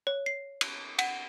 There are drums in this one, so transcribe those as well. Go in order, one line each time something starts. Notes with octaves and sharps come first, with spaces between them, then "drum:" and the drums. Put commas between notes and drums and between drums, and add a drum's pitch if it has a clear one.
C#5
C7
drum: cymbal
F#5, drum: cymbal